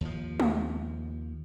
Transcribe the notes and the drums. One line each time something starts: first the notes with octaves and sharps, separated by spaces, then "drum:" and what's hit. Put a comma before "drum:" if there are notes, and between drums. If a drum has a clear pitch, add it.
D#2 F3
drum: tom